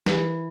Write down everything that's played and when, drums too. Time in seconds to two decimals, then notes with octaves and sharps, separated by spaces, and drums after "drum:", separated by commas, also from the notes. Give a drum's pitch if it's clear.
0.06 E3, drum: snare